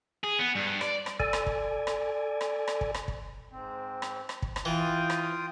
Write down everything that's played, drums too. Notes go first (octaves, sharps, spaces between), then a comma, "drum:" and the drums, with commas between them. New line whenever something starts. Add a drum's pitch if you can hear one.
G#4
B3
G2
D5, drum: rim click
drum: rim click
A4 D5 G#5, drum: kick
drum: rim click
drum: kick
drum: rim click
drum: rim click
drum: rim click
drum: kick
drum: rim click
drum: kick
G#2 C4
drum: rim click
drum: rim click
drum: kick
drum: rim click
E3 F4 G5 D#6
drum: rim click